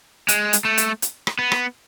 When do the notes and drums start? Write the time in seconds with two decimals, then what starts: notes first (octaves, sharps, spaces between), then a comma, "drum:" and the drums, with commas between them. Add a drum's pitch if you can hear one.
0.28 G#3, drum: hi-hat
0.53 drum: hi-hat
0.65 A3
0.78 drum: hi-hat
1.02 drum: hi-hat
1.27 drum: rim click
1.39 B3
1.52 drum: rim click